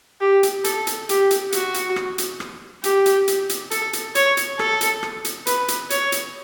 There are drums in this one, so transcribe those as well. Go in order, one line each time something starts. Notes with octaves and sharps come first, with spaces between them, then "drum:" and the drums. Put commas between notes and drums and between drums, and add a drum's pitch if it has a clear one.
G4
drum: hi-hat
A4, drum: hi-hat
drum: hi-hat
G4, drum: hi-hat
drum: hi-hat
F#4, drum: hi-hat
drum: hi-hat
drum: rim click
drum: hi-hat
drum: rim click
G4, drum: hi-hat
drum: hi-hat
drum: hi-hat
drum: hi-hat
A4, drum: hi-hat
drum: hi-hat
C#5, drum: hi-hat
drum: hi-hat
A4, drum: rim click
drum: hi-hat
drum: rim click
drum: hi-hat
B4, drum: hi-hat
drum: hi-hat
C#5, drum: hi-hat
drum: hi-hat